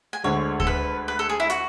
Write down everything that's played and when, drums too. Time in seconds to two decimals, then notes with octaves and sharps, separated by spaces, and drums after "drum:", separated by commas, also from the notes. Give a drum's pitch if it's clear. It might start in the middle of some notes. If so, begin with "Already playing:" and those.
0.13 G#5
0.24 D2 D3 G#3 C#5
0.60 A4, drum: kick D2
0.67 B4
1.08 B4
1.19 A4
1.29 G#4
1.40 E4
1.50 F#4, drum: hi-hat